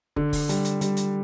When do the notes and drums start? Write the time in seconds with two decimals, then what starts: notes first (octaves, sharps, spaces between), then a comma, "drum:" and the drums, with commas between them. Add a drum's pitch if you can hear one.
0.16 D3, drum: kick
0.33 drum: kick, open hi-hat
0.49 G3, drum: hi-hat
0.65 drum: hi-hat
0.81 G3, drum: hi-hat
0.97 drum: hi-hat